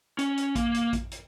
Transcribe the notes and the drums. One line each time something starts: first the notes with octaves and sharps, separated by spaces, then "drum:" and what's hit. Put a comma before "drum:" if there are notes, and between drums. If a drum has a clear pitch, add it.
C#4, drum: hi-hat
drum: hi-hat
A#3, drum: kick A1, hi-hat
drum: hi-hat
drum: kick A1, hi-hat
drum: hi-hat